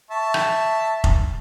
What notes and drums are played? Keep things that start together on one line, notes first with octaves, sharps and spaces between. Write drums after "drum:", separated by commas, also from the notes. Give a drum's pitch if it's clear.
E5 A5 C#6
drum: rim click
drum: kick F1